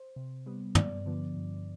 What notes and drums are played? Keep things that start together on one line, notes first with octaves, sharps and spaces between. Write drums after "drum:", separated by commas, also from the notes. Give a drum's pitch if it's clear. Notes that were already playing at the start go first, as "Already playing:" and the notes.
Already playing: C5
C3
G3 B3
G2 D5, drum: tom
D3 F3 B3
G2